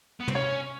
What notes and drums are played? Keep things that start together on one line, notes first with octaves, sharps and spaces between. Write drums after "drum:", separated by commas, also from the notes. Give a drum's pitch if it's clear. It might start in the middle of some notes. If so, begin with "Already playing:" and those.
B3
C4, drum: tom
C#4 C#5